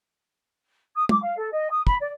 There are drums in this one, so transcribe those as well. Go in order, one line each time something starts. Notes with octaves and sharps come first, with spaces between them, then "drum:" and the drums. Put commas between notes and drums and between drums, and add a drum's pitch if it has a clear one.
D#6
D6, drum: tom
F5
A4
D#5
D#6
B5, drum: kick
D5